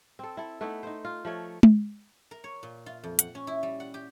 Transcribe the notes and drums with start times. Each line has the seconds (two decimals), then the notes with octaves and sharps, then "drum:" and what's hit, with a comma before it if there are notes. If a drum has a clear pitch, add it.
0.19 C4 A4
0.37 E4 A4
0.61 A3 B3 D#4 E4
0.83 D#4 C5
1.05 F4
1.25 F3 A3 C#5
1.63 drum: tom G#3
2.31 A#4
2.44 C#5
2.63 A#2
2.86 F4
3.04 F2
3.19 F#5, drum: hi-hat
3.35 C#4
3.47 E4
3.63 G3
3.80 F#5
3.94 G4